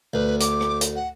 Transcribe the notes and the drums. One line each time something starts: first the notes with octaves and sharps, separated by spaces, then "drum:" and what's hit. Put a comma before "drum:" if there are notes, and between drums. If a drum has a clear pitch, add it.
D2 B4
D6, drum: hi-hat
drum: rim click
drum: hi-hat
F#5